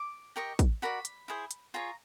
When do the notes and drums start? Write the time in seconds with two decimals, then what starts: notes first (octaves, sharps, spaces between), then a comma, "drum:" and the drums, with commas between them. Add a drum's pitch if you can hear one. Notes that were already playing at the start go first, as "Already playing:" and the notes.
Already playing: D6
0.36 G4 A#4 D#5 C#6
0.59 drum: kick, hi-hat
0.82 F#4 A#4 D5 B5
1.05 drum: hi-hat
1.28 E4 G#4 C5
1.51 drum: hi-hat
1.74 F4 G#4 C#5 A#5